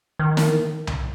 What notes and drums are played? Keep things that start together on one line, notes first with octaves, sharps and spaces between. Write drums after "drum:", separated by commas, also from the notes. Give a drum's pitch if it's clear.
D#3
drum: snare
drum: tom C2